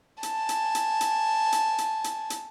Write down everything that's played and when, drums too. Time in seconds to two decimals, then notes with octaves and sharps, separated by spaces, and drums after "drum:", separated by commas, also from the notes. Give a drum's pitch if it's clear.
0.23 G#5 A5, drum: hi-hat
0.49 drum: hi-hat
0.75 drum: hi-hat
1.01 drum: hi-hat
1.52 drum: hi-hat
1.78 drum: hi-hat
2.04 drum: hi-hat
2.30 drum: hi-hat